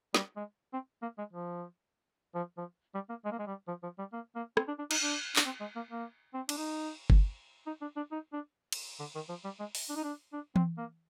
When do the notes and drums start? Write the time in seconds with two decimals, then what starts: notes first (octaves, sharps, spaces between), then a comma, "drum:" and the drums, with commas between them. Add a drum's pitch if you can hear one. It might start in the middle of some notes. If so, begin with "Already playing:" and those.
0.14 G3, drum: snare
0.37 G#3
0.73 C4
1.02 A#3
1.18 G#3
1.33 F3
2.35 F3
2.58 F3
2.94 G3
3.10 A#3
3.25 G#3
3.32 A#3
3.39 G#3
3.47 G3
3.68 F3
3.83 F3
3.99 G3
4.13 A#3
4.36 A#3
4.57 C4, drum: rim click
4.68 D4
4.79 D4
4.91 D#4, drum: cymbal
5.02 D4
5.36 D4, drum: clap
5.45 C4
5.60 G#3
5.76 A#3
5.91 A#3
6.34 C4
6.49 D4, drum: cymbal
6.57 D#4
7.10 drum: kick G1
7.67 D#4
7.82 D4
7.97 D4
8.12 D#4
8.33 D4
8.72 drum: cymbal
9.00 D3
9.15 D#3
9.29 F3
9.44 G3
9.60 G#3
9.75 drum: open hi-hat
9.89 D4
9.96 D#4
10.04 D4
10.33 D4
10.56 C4, drum: tom E3
10.78 A#3